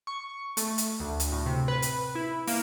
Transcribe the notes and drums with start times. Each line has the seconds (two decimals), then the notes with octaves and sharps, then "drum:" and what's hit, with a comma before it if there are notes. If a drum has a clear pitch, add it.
0.07 C#6
0.57 A3, drum: hi-hat
0.78 drum: hi-hat
1.00 D2
1.20 drum: hi-hat
1.32 A2
1.46 C3
1.68 B4
1.82 drum: hi-hat
2.15 E4
2.47 A#3, drum: open hi-hat